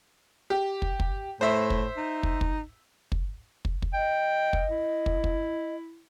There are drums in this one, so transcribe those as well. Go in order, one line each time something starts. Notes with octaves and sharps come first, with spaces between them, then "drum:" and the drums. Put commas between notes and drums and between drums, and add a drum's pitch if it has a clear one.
G4
drum: kick
drum: kick
A2 C5 E5
drum: kick
D#4
drum: kick
drum: kick
drum: kick
drum: kick
drum: kick
D#5 G5
drum: kick
E4
drum: kick
drum: kick